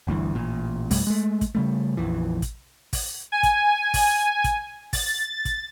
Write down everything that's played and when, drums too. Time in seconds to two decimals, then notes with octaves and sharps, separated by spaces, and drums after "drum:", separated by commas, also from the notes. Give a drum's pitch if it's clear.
0.07 G1 D2 G2 E3
0.35 A1 A#2
0.91 F2 B2 G3 A3, drum: kick, open hi-hat
1.07 G#3 A3
1.41 drum: kick, hi-hat
1.55 C#3 G3 A3
1.97 A#1 F2 E3
2.42 drum: kick, hi-hat
2.93 drum: kick, open hi-hat
3.32 G#5
3.43 drum: kick, hi-hat
3.94 drum: kick, open hi-hat
4.44 drum: kick, hi-hat
4.93 A6, drum: kick, open hi-hat
5.45 drum: kick, hi-hat